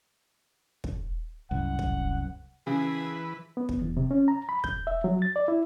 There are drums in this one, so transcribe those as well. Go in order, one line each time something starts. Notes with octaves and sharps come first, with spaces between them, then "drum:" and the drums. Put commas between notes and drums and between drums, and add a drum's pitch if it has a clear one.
drum: kick
C2 F#2 F#5
drum: kick
C#3 E3 G#4 B4
B3
drum: kick
E2
C3
C#4
A#5
B5
G6, drum: kick
E5
F#3
A6
D5
E4